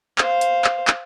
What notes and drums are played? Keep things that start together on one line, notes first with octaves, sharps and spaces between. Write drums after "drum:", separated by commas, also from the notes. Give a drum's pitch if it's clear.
C5 F5, drum: clap
drum: hi-hat
drum: clap
drum: clap